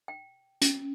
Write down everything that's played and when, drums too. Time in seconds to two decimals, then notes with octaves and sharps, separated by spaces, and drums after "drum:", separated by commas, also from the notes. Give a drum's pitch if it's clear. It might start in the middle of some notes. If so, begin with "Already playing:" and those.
0.08 G5
0.62 C#4, drum: hi-hat